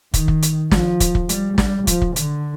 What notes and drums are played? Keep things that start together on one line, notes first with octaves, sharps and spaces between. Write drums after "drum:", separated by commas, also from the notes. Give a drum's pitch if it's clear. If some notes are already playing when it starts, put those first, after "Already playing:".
D#3, drum: kick, hi-hat
drum: kick
drum: hi-hat
F3, drum: snare
drum: kick, hi-hat
drum: kick
G3, drum: hi-hat
G3, drum: snare
F3, drum: kick, hi-hat
drum: kick
D3, drum: hi-hat